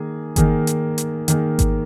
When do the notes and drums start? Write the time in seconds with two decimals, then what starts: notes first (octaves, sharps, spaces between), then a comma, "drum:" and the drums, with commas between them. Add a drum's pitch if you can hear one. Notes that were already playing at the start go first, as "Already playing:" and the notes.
Already playing: D#3 A#3 G#4
0.36 D#3 A#3 G#4, drum: kick G#1, hi-hat
0.67 drum: hi-hat
0.98 drum: hi-hat
1.28 D#3 A#3 G#4, drum: hi-hat
1.59 drum: kick G#1, hi-hat